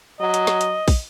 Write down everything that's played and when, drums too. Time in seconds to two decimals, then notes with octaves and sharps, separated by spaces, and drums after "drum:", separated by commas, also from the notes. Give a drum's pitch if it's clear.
0.20 F#3 D#5
0.34 drum: hi-hat
0.47 drum: snare
0.61 drum: hi-hat
0.88 drum: kick, open hi-hat